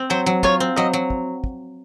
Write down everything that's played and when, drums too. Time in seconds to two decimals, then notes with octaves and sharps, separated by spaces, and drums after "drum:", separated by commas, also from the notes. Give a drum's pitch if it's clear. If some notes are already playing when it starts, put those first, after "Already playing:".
Already playing: C4
0.10 F#3 C5
0.26 F#3
0.43 F4 C#5, drum: kick
0.60 C4
0.76 F#3 D#5
0.93 F#3
1.10 drum: kick
1.44 drum: kick